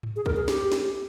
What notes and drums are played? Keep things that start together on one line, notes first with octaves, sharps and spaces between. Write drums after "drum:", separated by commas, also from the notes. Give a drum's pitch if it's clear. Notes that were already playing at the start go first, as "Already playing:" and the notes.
drum: tom G#2
G#4
A#4, drum: kick
G#4
G4, drum: snare
drum: snare